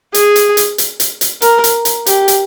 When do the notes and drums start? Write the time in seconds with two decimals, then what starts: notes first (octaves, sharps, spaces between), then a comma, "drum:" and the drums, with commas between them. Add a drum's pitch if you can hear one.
0.14 G#4, drum: hi-hat
0.36 drum: hi-hat
0.57 drum: hi-hat
0.78 drum: hi-hat
1.00 drum: hi-hat
1.21 drum: hi-hat
1.42 A#4, drum: hi-hat
1.64 drum: hi-hat
1.85 drum: hi-hat
2.06 G4, drum: hi-hat
2.28 drum: hi-hat